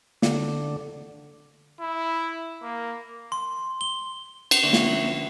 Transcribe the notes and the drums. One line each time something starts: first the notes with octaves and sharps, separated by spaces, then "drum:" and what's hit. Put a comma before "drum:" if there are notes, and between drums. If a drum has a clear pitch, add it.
D3, drum: snare
E4
A#3
C6
G7
drum: cymbal
D3 F3 A#3 C#4 F#4 E5
drum: snare